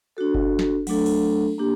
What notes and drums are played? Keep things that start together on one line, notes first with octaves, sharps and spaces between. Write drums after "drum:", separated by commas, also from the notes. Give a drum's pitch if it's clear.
D4 F#4 A4
drum: kick F#1
drum: snare
F#3 A3 D4 A4, drum: cymbal
drum: cymbal
A#3 D4 G4